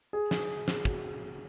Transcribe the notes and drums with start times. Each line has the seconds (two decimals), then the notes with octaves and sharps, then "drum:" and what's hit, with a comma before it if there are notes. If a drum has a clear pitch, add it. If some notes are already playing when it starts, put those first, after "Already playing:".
0.13 G#4
0.31 drum: snare
0.68 G#4, drum: snare
0.85 F#4, drum: kick